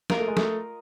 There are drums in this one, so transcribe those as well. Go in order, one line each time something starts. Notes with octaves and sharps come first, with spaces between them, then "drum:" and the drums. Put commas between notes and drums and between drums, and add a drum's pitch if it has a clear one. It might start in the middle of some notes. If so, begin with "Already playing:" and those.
A#3 F4 A#4 D#5, drum: snare
A3
G#3
A3, drum: snare